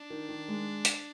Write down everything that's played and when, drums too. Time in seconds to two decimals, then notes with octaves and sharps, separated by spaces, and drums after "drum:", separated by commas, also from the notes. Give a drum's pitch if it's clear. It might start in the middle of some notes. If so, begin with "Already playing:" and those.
Already playing: D4
0.10 D#3
0.29 D#3
0.48 G#3
0.85 drum: hi-hat